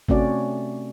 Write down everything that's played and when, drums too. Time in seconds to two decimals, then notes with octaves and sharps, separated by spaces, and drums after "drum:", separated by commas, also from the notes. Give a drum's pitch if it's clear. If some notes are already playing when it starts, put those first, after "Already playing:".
0.08 C3 A3 C4 C#4 F#4 D5, drum: kick G#1